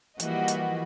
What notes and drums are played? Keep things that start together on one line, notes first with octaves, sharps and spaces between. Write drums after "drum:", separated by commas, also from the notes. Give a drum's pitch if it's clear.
E3 F3 G3 A#3 F#4 D#5, drum: hi-hat
drum: hi-hat